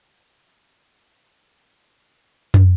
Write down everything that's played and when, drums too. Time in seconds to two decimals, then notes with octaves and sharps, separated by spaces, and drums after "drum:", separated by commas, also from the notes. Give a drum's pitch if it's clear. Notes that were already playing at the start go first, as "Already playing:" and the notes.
0.21 C4 F4 A4 C#5
0.70 G#3 C#4 F#4
1.19 A#3 D4 F4 A4 D5
1.69 B3 D4 G4 B4 D5
2.18 C4 F4 G#4 C5
2.54 drum: tom